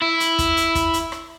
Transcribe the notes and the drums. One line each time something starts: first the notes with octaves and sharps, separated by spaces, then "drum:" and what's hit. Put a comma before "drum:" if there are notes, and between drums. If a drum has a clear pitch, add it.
E4
drum: hi-hat
drum: kick, hi-hat
drum: hi-hat
drum: kick, hi-hat
drum: hi-hat
drum: rim click